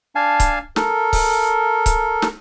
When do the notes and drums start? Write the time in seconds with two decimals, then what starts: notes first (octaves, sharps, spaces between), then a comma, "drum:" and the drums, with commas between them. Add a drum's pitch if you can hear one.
0.15 D4 F5 G#5 A5
0.40 drum: kick C#1, hi-hat
0.76 A4 A#4, drum: snare
1.13 drum: kick C#1, open hi-hat
1.86 drum: kick C#1, hi-hat
2.22 drum: snare